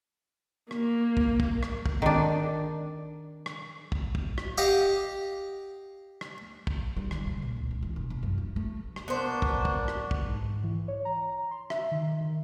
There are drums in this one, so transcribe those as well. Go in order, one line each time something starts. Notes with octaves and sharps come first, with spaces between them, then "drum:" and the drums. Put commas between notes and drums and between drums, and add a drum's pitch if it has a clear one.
A#3, drum: rim click
drum: kick
drum: kick
drum: rim click
drum: kick
D#3 D4
drum: rim click
drum: kick
drum: kick
drum: rim click
G4 D#5 F5 F#5
drum: rim click
drum: kick
G3
D#3, drum: rim click
C#3
A#2
C#2
C#2
E3
E1
E1
F#2
E3
A3
drum: rim click
A#3 B3 D4 F#4 C5
drum: kick
drum: kick
drum: rim click
drum: kick
G#2
E3
C#5
A#5
C6
E5, drum: rim click
D#3
D#3